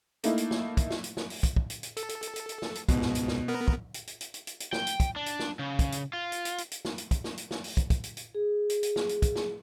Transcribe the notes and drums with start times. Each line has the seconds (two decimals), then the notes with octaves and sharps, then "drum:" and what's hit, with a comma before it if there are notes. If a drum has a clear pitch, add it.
0.24 A3 A#3 D#4 E4, drum: hi-hat
0.38 drum: hi-hat
0.51 drum: snare
0.77 drum: kick, hi-hat
0.90 drum: snare
1.04 drum: hi-hat
1.17 drum: snare
1.30 drum: open hi-hat
1.43 drum: kick, hi-hat
1.56 drum: kick
1.70 drum: hi-hat
1.83 drum: hi-hat
1.97 A4, drum: hi-hat
2.09 drum: hi-hat
2.23 drum: hi-hat
2.36 drum: hi-hat
2.49 drum: hi-hat
2.62 drum: snare
2.75 drum: hi-hat
2.89 C#2 G#2 B2, drum: kick, hi-hat
3.02 drum: snare
3.15 drum: hi-hat
3.28 drum: snare
3.48 B3 A#4
3.68 drum: kick
3.94 drum: hi-hat
4.07 drum: hi-hat
4.21 drum: hi-hat
4.34 drum: hi-hat
4.47 drum: hi-hat
4.60 drum: hi-hat
4.73 G5, drum: snare
4.87 drum: hi-hat
5.00 drum: kick, hi-hat
5.16 D4
5.26 drum: hi-hat
5.39 drum: snare
5.59 C#3
5.79 drum: kick, hi-hat
5.92 drum: hi-hat
6.13 F4
6.32 drum: hi-hat
6.45 drum: hi-hat
6.58 drum: hi-hat
6.71 drum: hi-hat
6.85 drum: snare
6.98 drum: hi-hat
7.11 drum: kick, hi-hat
7.24 drum: snare
7.38 drum: hi-hat
7.51 drum: snare
7.64 drum: open hi-hat
7.77 drum: kick, hi-hat
7.90 drum: kick, hi-hat
8.04 drum: hi-hat
8.17 drum: hi-hat
8.35 G#4
8.70 drum: hi-hat
8.83 drum: hi-hat
8.96 drum: snare
9.09 drum: hi-hat
9.22 drum: kick, hi-hat
9.36 drum: snare